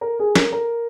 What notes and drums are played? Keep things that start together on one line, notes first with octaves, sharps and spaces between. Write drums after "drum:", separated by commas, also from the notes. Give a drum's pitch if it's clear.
A#4
G#4
A#4, drum: snare
A#4